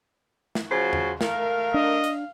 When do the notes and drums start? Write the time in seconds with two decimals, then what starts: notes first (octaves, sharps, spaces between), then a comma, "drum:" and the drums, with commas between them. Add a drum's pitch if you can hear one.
0.55 drum: snare
0.70 C#3 F3 F#4 C5
0.93 drum: tom E2
1.21 A3 A#4 F5, drum: snare
1.74 D4 D#5
2.04 drum: hi-hat